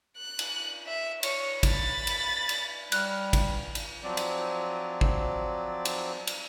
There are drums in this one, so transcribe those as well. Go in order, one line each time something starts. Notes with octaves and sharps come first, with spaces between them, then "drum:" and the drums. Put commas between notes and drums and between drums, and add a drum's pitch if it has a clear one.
F#6
drum: cymbal
E5
C#5, drum: cymbal
B5 A6, drum: kick, cymbal
drum: cymbal
drum: cymbal
G3 F6 F#6, drum: cymbal
drum: kick, cymbal
drum: cymbal
F3 F#3 C4 D5
drum: cymbal
drum: kick
drum: cymbal
drum: cymbal